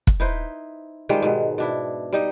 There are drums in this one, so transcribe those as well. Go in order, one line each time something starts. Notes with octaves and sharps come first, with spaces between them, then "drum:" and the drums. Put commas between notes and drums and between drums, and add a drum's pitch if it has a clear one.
drum: kick
D#4 E4 B4 C5
D#3 F3 G3 G#3
G#2 B2 G#3
B2 D4 E4
G3 D#4 D#5